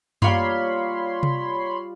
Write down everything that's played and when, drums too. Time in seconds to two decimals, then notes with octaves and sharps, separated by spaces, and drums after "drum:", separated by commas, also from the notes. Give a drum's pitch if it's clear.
0.22 G3 A#3 F4 C#5 F5 B5 C6, drum: tom F#2
1.23 drum: tom C3